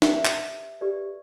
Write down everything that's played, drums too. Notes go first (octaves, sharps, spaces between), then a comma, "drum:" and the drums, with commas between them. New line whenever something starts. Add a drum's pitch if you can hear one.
G4 B4 D5 E5, drum: snare
drum: clap
G4 B4 D5